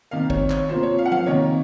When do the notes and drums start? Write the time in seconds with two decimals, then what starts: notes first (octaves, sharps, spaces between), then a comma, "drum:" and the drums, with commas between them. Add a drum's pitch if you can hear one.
0.11 C3 D#3 A#3 F5
0.30 C#5, drum: kick
0.50 C#5, drum: clap
0.69 C3 F3 A#3 C5
0.83 C#5
0.98 F5
1.06 F#5
1.12 F5, drum: tom F3
1.26 C3 D#3 A#3 C#5